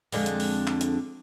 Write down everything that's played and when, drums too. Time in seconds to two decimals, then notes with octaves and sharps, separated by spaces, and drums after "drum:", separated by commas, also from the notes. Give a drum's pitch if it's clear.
0.12 F2 D3 G#3, drum: open hi-hat
0.26 drum: hi-hat
0.40 drum: open hi-hat
0.67 drum: clap
0.81 drum: hi-hat